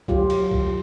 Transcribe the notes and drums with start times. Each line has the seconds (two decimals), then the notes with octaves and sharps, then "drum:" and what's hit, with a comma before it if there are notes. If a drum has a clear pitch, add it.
0.08 F#3 F4 G4, drum: kick
0.30 drum: cymbal
0.51 drum: kick